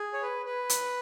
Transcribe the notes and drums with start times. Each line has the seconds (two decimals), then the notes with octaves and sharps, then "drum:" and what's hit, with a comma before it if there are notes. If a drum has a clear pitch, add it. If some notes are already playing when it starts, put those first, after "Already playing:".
Already playing: G#4
0.13 C#5
0.22 B4
0.46 B4
0.70 drum: hi-hat